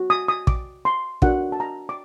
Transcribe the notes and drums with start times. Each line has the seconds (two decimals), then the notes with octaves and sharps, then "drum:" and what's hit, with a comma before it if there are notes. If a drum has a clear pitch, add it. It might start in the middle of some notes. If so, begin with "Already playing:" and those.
Already playing: F#4
0.10 D#6
0.28 D#6
0.47 D6, drum: kick
0.85 C6
1.22 D4 F#4 A#4 F#5, drum: kick
1.52 A5
1.60 A#5
1.89 D6